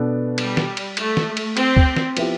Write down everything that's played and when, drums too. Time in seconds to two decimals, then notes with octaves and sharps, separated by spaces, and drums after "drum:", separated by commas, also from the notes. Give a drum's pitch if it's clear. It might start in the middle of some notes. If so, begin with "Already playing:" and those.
Already playing: B2 B3 D4 A4 D5
0.38 G3, drum: cymbal
0.57 drum: snare
0.77 drum: cymbal
0.97 A3, drum: cymbal
1.17 drum: snare
1.37 drum: cymbal
1.57 C4, drum: cymbal
1.77 drum: kick C#2
1.97 drum: snare
2.17 F3 B3 E4 G4, drum: cymbal